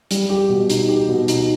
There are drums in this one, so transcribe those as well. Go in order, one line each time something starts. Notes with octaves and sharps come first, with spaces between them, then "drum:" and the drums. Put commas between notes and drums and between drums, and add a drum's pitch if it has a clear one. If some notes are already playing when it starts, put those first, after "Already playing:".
G3, drum: hi-hat
G4
B2
D#4, drum: hi-hat
G4
B2
D#4, drum: hi-hat